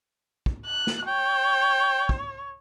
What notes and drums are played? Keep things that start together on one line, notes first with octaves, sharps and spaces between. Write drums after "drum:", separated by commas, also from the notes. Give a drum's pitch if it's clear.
drum: kick
F#6
drum: snare
C#5 G5
drum: kick